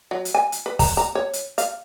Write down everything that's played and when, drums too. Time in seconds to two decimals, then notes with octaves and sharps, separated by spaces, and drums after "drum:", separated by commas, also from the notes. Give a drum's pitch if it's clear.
0.11 F#3
0.25 drum: hi-hat
0.34 G#5
0.52 drum: hi-hat
0.66 B4
0.79 A#5, drum: kick, open hi-hat
0.97 A#5
1.15 C#5
1.33 drum: hi-hat
1.58 F5, drum: hi-hat